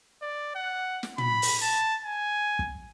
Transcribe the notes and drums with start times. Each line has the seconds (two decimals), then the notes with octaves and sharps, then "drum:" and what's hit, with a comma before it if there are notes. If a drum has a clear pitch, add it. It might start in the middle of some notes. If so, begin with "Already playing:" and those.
0.22 D5
0.55 F#5
1.03 drum: snare
1.18 B5, drum: tom
1.42 drum: open hi-hat
1.62 A5
2.04 G#5
2.59 drum: kick